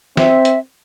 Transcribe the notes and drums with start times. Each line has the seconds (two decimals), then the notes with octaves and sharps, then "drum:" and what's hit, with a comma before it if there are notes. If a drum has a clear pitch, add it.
0.17 C4 E5, drum: snare
0.45 drum: hi-hat